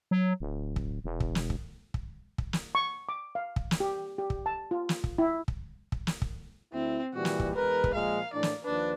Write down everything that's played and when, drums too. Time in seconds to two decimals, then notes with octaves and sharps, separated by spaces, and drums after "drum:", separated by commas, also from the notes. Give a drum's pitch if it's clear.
0.11 F#3
0.40 D1
0.76 drum: kick
1.04 E1
1.20 drum: kick
1.35 drum: snare
1.50 drum: kick
1.94 drum: kick
2.38 drum: kick
2.53 drum: snare
2.75 C#6
3.09 D6
3.35 F5
3.56 drum: kick
3.71 drum: snare
3.80 G4
4.18 G4
4.30 drum: kick
4.46 A5
4.71 F4
4.89 drum: snare
5.04 drum: kick
5.18 E4
5.48 drum: kick
5.92 drum: kick
6.07 drum: snare
6.22 drum: kick
6.73 D2 C4 E4
7.14 A#2 E3 G3 F#4
7.25 drum: snare
7.40 drum: kick
7.56 E2 G#3 A#4 B4
7.84 drum: kick
7.95 A#2 F3 G#3 F5
8.34 A2 E3 D4 D5
8.43 drum: snare
8.64 D#2 F3 D4 B4